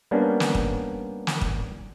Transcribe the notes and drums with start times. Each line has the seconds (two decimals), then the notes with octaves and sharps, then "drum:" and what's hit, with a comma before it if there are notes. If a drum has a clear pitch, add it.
0.11 G3 A#3 B3 C#4 D4
0.40 drum: snare
0.55 drum: kick
1.27 drum: snare
1.41 drum: kick